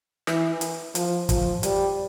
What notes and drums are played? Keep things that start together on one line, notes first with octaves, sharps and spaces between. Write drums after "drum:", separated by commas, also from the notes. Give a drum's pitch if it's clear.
E3, drum: snare
drum: hi-hat
F3, drum: hi-hat
F3, drum: kick, hi-hat
G3, drum: hi-hat